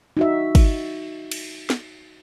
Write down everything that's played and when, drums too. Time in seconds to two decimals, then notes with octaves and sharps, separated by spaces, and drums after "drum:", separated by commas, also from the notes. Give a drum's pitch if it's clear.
0.17 D#4 F#4 E5
0.55 drum: kick, cymbal
1.32 drum: cymbal
1.70 drum: snare